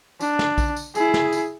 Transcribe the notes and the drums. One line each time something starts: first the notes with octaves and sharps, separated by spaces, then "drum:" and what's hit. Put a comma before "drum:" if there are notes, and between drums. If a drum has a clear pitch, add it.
D4, drum: tambourine
drum: snare
drum: kick A#1, tambourine
drum: tambourine
E4 G#4, drum: tambourine
drum: snare
drum: tambourine